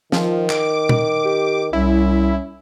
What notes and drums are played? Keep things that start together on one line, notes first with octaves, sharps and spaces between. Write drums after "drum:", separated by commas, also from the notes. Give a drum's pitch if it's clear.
D#3 F3, drum: snare
D6, drum: clap
drum: tom
G4
C2 C#4 E4